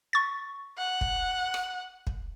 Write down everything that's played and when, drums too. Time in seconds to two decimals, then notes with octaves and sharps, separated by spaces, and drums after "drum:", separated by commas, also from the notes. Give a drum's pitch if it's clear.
0.13 C#6 A6
0.78 F#5
1.01 drum: kick
1.54 drum: rim click
2.07 drum: kick